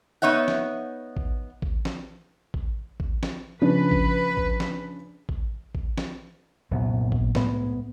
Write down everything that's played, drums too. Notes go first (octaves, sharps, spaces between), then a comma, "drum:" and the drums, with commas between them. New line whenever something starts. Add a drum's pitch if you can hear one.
B3 D#4 C#5 E5 F#5
drum: snare
drum: kick A1
drum: kick A1
drum: snare
drum: kick A1
drum: kick A1
drum: snare
C#3 F3 D4 B4
drum: kick A1
drum: kick A1
drum: snare
drum: kick A1
drum: kick A1
drum: snare
C2 F#2 A#2 F#3 B3
drum: kick A1
C2 A2 G#3 B3, drum: snare